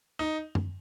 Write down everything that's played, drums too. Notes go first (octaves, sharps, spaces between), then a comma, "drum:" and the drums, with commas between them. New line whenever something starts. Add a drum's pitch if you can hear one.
D#4
drum: tom F#2